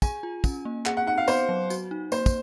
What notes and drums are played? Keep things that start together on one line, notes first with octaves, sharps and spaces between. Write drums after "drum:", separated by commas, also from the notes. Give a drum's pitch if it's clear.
G#4 G#5, drum: kick, tambourine
F4
C#4, drum: kick, tambourine
A#3
G#4 F#5, drum: clap
F#5
D#4 F#5
F5
B3 C5, drum: tambourine
F#3
F#4, drum: tambourine
D#4
A#3 C5, drum: tambourine
drum: kick, tambourine